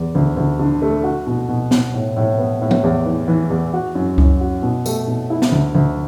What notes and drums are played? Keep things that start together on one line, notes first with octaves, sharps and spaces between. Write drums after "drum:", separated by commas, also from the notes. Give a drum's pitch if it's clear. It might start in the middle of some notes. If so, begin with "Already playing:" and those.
Already playing: E2
D2
D2
D3
A3
F#4
B2
B2
B2, drum: snare
A2
A2
B3
A2
drum: tom F3
E2
E3
E3
E2
F#4
F#2
F#2, drum: kick C#2
F#4
B2
A3, drum: tambourine
B2
E4
drum: snare
D2
D2